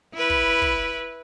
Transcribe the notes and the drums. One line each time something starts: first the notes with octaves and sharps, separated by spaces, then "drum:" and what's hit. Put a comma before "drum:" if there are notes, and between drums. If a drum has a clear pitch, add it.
E4 B4
drum: kick
drum: kick